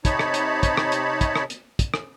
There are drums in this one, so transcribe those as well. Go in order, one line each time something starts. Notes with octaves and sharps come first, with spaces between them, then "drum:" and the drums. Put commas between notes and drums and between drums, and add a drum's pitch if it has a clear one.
C3 D#4 C#5 A5 B5, drum: kick, hi-hat
drum: rim click
drum: hi-hat
drum: kick, hi-hat
drum: rim click
drum: hi-hat
drum: kick, hi-hat
drum: rim click
drum: hi-hat
drum: kick, hi-hat
drum: rim click